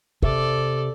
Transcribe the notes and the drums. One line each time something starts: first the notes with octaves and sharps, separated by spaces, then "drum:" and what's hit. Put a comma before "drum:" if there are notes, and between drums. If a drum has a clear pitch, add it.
C3 A4 D5, drum: kick